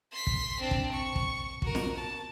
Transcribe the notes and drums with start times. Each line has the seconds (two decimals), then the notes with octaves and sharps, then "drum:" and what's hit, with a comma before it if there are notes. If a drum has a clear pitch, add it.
0.12 C6 B6
0.27 drum: kick
0.60 C4 D4
0.71 drum: kick
0.92 C#6
1.16 drum: kick
1.62 F#4 A#4, drum: kick
1.75 drum: snare
1.97 A5